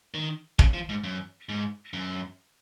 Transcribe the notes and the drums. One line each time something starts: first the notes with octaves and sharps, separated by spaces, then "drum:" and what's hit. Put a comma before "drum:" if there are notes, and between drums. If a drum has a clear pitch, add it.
D#3
C#3, drum: kick
F3
G#2
F#2
G#2
F#2